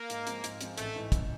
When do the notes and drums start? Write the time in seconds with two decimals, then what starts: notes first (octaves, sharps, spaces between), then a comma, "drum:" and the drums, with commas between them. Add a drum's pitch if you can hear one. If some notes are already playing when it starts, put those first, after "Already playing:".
Already playing: A#3
0.10 G#2, drum: hi-hat
0.27 F3 G#3 C4 F4, drum: hi-hat
0.44 G#2, drum: hi-hat
0.61 F3 G#3 C4 F4, drum: hi-hat
0.78 A1 A3, drum: hi-hat
0.95 G#2 E3
1.12 A1, drum: kick, hi-hat